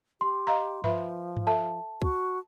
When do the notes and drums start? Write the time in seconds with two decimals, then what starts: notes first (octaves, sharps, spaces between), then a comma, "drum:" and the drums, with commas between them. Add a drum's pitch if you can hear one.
0.21 G4 C6
0.47 D#5 F5 A#5
0.84 F3 B4 E5 B5, drum: tom G2
1.37 drum: tom G2
1.47 A4 E5 A5
2.02 F#4, drum: kick